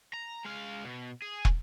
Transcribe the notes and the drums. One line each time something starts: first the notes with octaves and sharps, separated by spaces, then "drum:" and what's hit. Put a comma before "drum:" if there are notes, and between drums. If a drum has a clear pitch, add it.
A#5
G#3 F5
B2
G#4
drum: kick